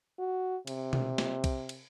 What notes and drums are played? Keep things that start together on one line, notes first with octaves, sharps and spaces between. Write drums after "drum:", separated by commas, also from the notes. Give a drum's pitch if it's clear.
F#4
C3, drum: cymbal
drum: tom B2
drum: snare
drum: kick B1, cymbal
drum: cymbal